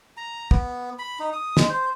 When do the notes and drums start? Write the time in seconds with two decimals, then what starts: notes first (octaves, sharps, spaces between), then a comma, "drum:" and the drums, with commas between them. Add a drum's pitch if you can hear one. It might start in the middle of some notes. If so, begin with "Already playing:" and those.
0.17 A#5
0.51 B3, drum: kick
0.99 B5
1.19 D#4
1.33 D#6
1.57 G#3, drum: snare
1.70 C5